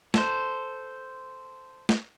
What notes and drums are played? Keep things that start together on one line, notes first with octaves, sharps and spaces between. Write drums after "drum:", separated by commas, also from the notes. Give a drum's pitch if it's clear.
A4 C5, drum: snare
drum: snare